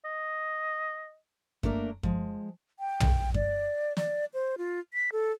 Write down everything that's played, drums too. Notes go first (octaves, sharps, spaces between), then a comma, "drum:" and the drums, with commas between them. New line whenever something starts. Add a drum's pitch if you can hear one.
D#5
A3 A#3 D4 A#4 D#5 E5, drum: kick F#2
F3 G#3, drum: kick F#2
G5
drum: tom
D5, drum: kick F#2
D5, drum: snare
C5
F4
B6
A4